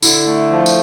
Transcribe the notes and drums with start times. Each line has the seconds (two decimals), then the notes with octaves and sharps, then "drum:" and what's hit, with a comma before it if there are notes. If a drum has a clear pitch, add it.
0.02 D3 E4, drum: tambourine
0.27 A3
0.50 F3
0.66 drum: tambourine